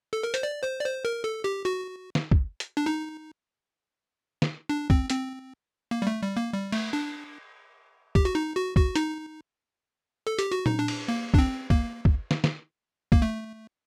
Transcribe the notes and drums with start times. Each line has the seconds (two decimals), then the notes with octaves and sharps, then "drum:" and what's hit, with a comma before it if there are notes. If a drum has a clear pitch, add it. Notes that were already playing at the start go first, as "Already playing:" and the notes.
0.13 A4
0.23 A#4
0.34 C5, drum: hi-hat
0.43 D5
0.63 C5
0.80 D5
0.85 C5
1.05 A#4
1.24 A4
1.44 G4
1.65 F#4
2.15 drum: snare
2.31 drum: kick
2.60 drum: hi-hat
2.77 D4
2.86 D#4
4.42 drum: snare
4.69 D4
4.90 C4, drum: kick
5.10 C4, drum: hi-hat
5.91 A#3
6.02 G3
6.07 A3
6.22 G3
6.37 A#3
6.53 G3
6.72 A3, drum: cymbal
6.93 D4
8.15 G4, drum: kick
8.25 F#4
8.35 D#4
8.55 F#4
8.76 F#4, drum: kick
8.96 D#4, drum: hi-hat
10.27 A4
10.39 G4, drum: hi-hat
10.52 F#4
10.66 D#4, drum: tom A#2
10.79 D4
10.88 drum: cymbal
11.08 A#3
11.34 D4, drum: kick
11.39 C4
11.70 A#3, drum: kick
12.05 drum: kick
12.31 drum: snare
12.44 drum: snare
13.12 A#3, drum: kick
13.22 A3